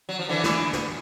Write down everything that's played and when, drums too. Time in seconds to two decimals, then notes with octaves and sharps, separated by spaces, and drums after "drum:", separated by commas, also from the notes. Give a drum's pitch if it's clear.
0.09 F#3
0.19 F3
0.29 D3 E3
0.44 drum: snare
0.73 drum: snare